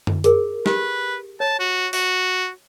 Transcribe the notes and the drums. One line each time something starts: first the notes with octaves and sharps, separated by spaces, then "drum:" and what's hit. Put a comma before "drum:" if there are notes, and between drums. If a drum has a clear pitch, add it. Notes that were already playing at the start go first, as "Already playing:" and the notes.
drum: tom F#2
G#4 A#4, drum: hi-hat
G4 B4, drum: snare
C#5 A5
F#4
F#4, drum: open hi-hat